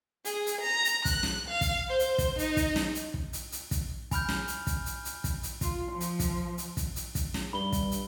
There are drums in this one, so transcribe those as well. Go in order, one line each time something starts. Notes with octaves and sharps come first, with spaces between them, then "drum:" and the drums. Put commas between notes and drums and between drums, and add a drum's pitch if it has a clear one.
G#4, drum: hi-hat
drum: hi-hat
A#5
drum: hi-hat
F#6, drum: kick, hi-hat
drum: snare
F5
drum: kick, hi-hat
C5
drum: hi-hat
drum: kick, hi-hat
D#4, drum: hi-hat
drum: kick, hi-hat
drum: snare
drum: hi-hat
drum: kick
drum: hi-hat
drum: hi-hat
drum: kick, hi-hat
G#5 B5 F6 G6, drum: kick, hi-hat
drum: snare
drum: hi-hat
drum: kick, hi-hat
drum: hi-hat
drum: hi-hat
drum: kick, hi-hat
drum: hi-hat
F4, drum: kick, hi-hat
F3
drum: hi-hat
drum: kick, hi-hat
drum: hi-hat
drum: kick, hi-hat
drum: hi-hat
drum: kick, hi-hat
drum: snare
G2 B5 G7
drum: kick, hi-hat
drum: hi-hat